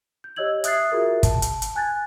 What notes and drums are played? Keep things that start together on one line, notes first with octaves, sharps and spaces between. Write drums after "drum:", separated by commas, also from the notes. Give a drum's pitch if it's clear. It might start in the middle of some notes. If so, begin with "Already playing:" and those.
G6
G4 C#5 D#5 E6 G#6 F#7
E5 D#6 F#6 G#6 A6 C7, drum: hi-hat
F4 F#4 G#4 A#4 E5
A5, drum: kick, hi-hat
drum: hi-hat
drum: hi-hat
G#5 F#6 G#6 A6